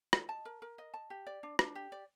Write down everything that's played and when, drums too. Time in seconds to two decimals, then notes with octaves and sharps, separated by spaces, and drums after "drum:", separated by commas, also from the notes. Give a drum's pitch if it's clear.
0.13 D#5, drum: rim click
0.29 A5
0.45 A#4
0.62 A#4
0.78 D#5
0.94 A5
1.10 G4
1.27 D5
1.43 D4
1.59 D4, drum: rim click
1.75 G4
1.92 D5